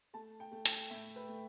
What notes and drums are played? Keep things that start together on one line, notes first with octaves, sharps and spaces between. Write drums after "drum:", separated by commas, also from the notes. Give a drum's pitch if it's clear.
A3 A5
G5
A3
G5, drum: hi-hat
A2 E5
B4
A3